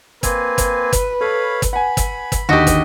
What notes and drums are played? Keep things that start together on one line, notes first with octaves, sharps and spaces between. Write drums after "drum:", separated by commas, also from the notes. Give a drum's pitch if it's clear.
A#3 C4 B4 G#5, drum: kick, hi-hat
drum: kick, hi-hat
drum: kick, hi-hat
A4 C#5 F5 B5
drum: kick, hi-hat
F#5 G#5 B5
drum: kick, hi-hat
drum: kick, hi-hat
D#2 D3 F#4 G4 D#5
drum: kick, hi-hat